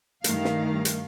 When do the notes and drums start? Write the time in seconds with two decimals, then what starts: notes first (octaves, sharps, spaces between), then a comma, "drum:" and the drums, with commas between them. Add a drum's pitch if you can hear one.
0.24 G2 D#3 A3 F5, drum: hi-hat
0.44 drum: snare
0.85 drum: hi-hat